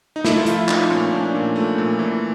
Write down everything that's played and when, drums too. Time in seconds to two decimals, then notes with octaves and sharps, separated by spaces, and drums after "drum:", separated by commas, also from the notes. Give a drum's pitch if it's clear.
0.16 D#4
0.24 A3 E4, drum: snare
0.37 F4
0.46 F3 E4, drum: hi-hat
0.69 F3 D#4, drum: clap
0.90 A#2 C#4
1.12 A#2 D4
1.35 A#2
1.56 A3
1.78 A#2
1.99 E3